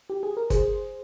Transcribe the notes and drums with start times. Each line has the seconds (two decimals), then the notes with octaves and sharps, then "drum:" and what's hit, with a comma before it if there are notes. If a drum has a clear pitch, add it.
0.10 G4
0.23 G#4
0.37 A#4
0.50 G#4 C5, drum: kick, hi-hat